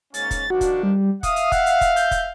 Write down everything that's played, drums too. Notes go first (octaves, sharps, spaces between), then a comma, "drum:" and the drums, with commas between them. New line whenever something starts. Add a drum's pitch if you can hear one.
G#2 A#3 C#4 A6, drum: hi-hat
drum: kick, hi-hat
D#3 F3 D4 F#4
drum: kick, hi-hat
G3
E5 F5 D#6, drum: kick, hi-hat
drum: hi-hat
F#5, drum: kick, hi-hat
drum: hi-hat
drum: kick, hi-hat
G6, drum: hi-hat
drum: kick, hi-hat